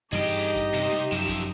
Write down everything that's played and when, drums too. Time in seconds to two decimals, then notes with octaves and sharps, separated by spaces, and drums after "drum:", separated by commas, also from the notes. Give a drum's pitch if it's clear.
0.12 G2 E3 G3 D#4 G4 G#4 D#5 G5
0.37 drum: hi-hat
0.55 drum: kick, hi-hat
0.74 C3, drum: hi-hat
0.92 drum: snare
1.12 F#2 F3 E5, drum: hi-hat
1.28 drum: kick, hi-hat